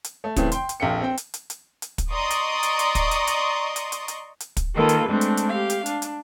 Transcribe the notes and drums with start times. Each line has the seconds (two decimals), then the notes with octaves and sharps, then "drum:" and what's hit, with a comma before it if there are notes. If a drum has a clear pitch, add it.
0.04 drum: hi-hat
0.24 A3
0.36 C#3 E3 A3 C4, drum: kick, hi-hat
0.52 G5 C6, drum: hi-hat
0.69 drum: hi-hat
0.80 F1 A#1 F5 G5 C#7
1.02 C4 G5
1.17 drum: hi-hat
1.34 drum: hi-hat
1.50 drum: hi-hat
1.82 drum: hi-hat
1.98 drum: kick, hi-hat
2.11 D5 D#5 A#5 C6 C#6 D#6
2.30 drum: hi-hat
2.63 drum: hi-hat
2.79 drum: hi-hat
2.95 drum: kick, hi-hat
3.11 drum: hi-hat
3.27 drum: hi-hat
3.76 drum: hi-hat
3.92 drum: hi-hat
4.08 drum: hi-hat
4.40 drum: hi-hat
4.57 drum: kick, hi-hat
4.75 D#3 A#3 F4 A4 B4
4.89 drum: hi-hat
5.09 G#3 A3 C4 D4
5.21 drum: hi-hat
5.37 drum: hi-hat
5.48 G4 F5
5.70 drum: hi-hat
5.86 D4, drum: hi-hat
6.02 drum: hi-hat